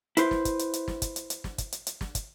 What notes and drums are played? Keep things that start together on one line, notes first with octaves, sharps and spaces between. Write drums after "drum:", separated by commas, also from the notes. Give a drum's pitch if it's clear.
E4 B4 C5, drum: hi-hat
drum: snare
drum: kick, hi-hat
drum: hi-hat
drum: hi-hat
drum: snare
drum: kick, hi-hat
drum: hi-hat
drum: hi-hat
drum: snare
drum: kick, hi-hat
drum: hi-hat
drum: hi-hat
drum: snare
drum: kick, hi-hat